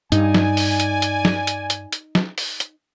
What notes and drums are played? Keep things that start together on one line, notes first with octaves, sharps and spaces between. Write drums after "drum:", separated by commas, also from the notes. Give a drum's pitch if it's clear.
G2 D#4 D5 G#5, drum: hi-hat
drum: snare
drum: open hi-hat
drum: hi-hat
drum: hi-hat
drum: snare
drum: hi-hat
drum: hi-hat
drum: hi-hat
drum: snare
drum: open hi-hat
drum: hi-hat